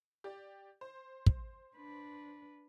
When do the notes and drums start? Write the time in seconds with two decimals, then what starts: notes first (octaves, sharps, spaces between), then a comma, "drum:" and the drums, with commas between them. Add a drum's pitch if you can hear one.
0.24 G4 D5
0.81 C5
1.26 drum: kick
1.76 D4 B4